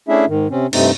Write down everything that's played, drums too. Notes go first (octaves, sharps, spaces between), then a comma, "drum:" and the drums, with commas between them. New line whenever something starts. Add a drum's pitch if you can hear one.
A3 C#4 D4 E4 G#4 E5
G#2 D#3
C3 C4 C#4
G2 C3 A3 C4 D#4, drum: cymbal